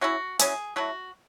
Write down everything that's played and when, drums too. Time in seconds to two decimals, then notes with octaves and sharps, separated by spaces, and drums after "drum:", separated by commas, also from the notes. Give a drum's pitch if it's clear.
0.01 F#3 C#4 E4 F#4
0.39 F#3 C#4 E4 G#4, drum: hi-hat
0.76 F#3 A3 E4 F#4